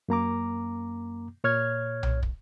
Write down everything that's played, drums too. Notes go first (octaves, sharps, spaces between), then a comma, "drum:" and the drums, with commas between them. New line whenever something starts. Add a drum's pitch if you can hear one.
F#2 A#3 A#5 D6
A#2 C#5 F6 G#6
drum: tom B1
drum: kick